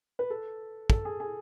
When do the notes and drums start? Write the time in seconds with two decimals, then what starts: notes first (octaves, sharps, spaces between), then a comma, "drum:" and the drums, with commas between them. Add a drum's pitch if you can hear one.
0.19 B4
0.30 A4
0.90 A4, drum: kick
1.05 G#4
1.20 G#4